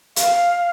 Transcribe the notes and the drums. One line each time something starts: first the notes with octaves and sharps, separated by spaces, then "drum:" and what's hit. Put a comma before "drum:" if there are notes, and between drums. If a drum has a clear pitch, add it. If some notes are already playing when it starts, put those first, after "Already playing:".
F5, drum: hi-hat